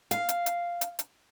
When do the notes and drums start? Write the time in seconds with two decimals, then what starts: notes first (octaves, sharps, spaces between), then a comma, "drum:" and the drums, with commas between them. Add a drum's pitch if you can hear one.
0.11 F5, drum: hi-hat
0.29 drum: hi-hat
0.46 drum: hi-hat
0.81 drum: hi-hat
0.99 drum: hi-hat